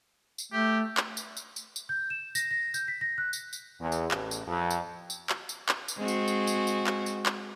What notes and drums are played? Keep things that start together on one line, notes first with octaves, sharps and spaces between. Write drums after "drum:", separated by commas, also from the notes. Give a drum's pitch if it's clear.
drum: tambourine
A3 G4
drum: clap
drum: tambourine
drum: tambourine
drum: tambourine
drum: tambourine
G6
E7
A#6, drum: tambourine
A#6
G6, drum: tambourine
B6
A#6
F#6
drum: tambourine
drum: tambourine
E2
drum: tambourine
A1, drum: clap
drum: tambourine
F2
drum: tambourine
drum: tambourine
drum: clap
drum: tambourine
drum: clap
drum: tambourine
G#3 C4 F#4
drum: tambourine
drum: tambourine
drum: tambourine
drum: tambourine
drum: clap
drum: tambourine
drum: clap